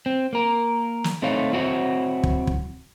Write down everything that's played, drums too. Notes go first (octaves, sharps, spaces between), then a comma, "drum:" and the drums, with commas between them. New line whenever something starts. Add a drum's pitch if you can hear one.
C4
A#3 A#4
drum: snare
A3 C4 D#4 C#5 F5
C4 E4 F#4 C#5
drum: kick
drum: kick